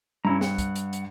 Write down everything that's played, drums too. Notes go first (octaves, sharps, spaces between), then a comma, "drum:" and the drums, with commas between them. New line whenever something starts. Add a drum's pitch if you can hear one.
G2 C#4 E4 A#5
F#5, drum: snare
drum: kick, hi-hat
drum: hi-hat
drum: hi-hat